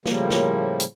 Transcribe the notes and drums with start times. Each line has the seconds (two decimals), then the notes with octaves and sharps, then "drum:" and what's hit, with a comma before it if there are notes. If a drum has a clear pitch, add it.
0.06 A2 C#3 F3 G3 A#3, drum: snare
0.30 drum: snare
0.80 drum: hi-hat